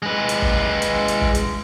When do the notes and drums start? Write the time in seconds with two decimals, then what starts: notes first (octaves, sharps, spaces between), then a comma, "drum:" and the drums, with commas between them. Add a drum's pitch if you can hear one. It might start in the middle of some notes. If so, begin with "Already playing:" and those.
0.03 G#3 B4
0.29 drum: hi-hat
0.42 drum: kick
0.82 drum: hi-hat
1.08 drum: hi-hat
1.21 drum: kick
1.35 drum: hi-hat